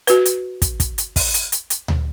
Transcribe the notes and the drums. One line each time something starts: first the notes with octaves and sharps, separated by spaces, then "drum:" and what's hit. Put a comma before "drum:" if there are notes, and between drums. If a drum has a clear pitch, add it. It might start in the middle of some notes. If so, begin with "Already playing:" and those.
F#4 B4, drum: hi-hat
drum: hi-hat
drum: kick, hi-hat
drum: kick, hi-hat
drum: hi-hat
drum: kick, open hi-hat
drum: hi-hat
drum: hi-hat
drum: hi-hat
drum: tom D2